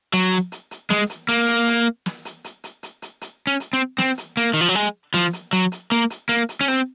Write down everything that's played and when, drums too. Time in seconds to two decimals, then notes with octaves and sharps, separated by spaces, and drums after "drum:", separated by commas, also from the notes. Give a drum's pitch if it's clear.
0.14 F#3, drum: hi-hat
0.33 drum: hi-hat
0.52 drum: hi-hat
0.71 drum: hi-hat
0.90 G#3, drum: snare
1.10 drum: hi-hat
1.29 A#3, drum: hi-hat
1.48 drum: hi-hat
1.67 drum: hi-hat
2.06 drum: snare
2.25 drum: hi-hat
2.44 drum: hi-hat
2.64 drum: hi-hat
2.83 drum: hi-hat
3.02 drum: hi-hat
3.21 drum: hi-hat
3.47 C#4
3.60 drum: hi-hat
3.73 C4
3.98 C4, drum: snare
4.18 drum: hi-hat
4.37 A#3, drum: hi-hat
4.54 D#3, drum: hi-hat
4.61 F3
4.69 F#3
4.75 G#3
5.14 F3, drum: snare
5.33 drum: hi-hat
5.53 F#3, drum: hi-hat
5.72 drum: hi-hat
5.92 A#3, drum: hi-hat
6.10 drum: hi-hat
6.29 A#3, drum: hi-hat
6.49 drum: hi-hat
6.61 C#4
6.68 C4, drum: hi-hat